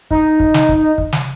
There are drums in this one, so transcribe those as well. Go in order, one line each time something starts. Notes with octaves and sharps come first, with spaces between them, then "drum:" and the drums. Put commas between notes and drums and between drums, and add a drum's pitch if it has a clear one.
D#4, drum: kick
drum: kick
drum: snare
drum: kick
drum: kick
drum: snare